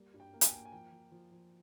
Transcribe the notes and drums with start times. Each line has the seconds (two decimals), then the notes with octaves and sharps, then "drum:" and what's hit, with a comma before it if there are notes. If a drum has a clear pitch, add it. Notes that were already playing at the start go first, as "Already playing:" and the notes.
Already playing: G3 A#3
0.14 G2
0.20 G5
0.34 A#3
0.41 G#5, drum: hi-hat
0.47 G5
0.53 A#3
0.65 G#5
0.72 F3 G5
0.92 F3
1.12 F3
1.31 F3